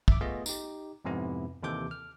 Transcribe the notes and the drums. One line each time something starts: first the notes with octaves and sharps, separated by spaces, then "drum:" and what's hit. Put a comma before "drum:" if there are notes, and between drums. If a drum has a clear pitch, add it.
E5 D6, drum: kick
A3 B3 F4 G#4 D#5
D#4 G4, drum: tambourine
F2 G#2 C3 B3 E4
D#2 C3 E3 A4 D6 G6
F6